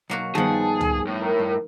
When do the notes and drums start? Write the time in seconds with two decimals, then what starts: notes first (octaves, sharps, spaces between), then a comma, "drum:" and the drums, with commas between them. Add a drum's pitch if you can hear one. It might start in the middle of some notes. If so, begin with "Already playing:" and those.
0.10 B1 F#3 A#3 F#4
0.35 G2 D#3 F3 G3 B3 G#4 A5
0.81 drum: tom
1.07 A2
1.21 A#4
1.39 G2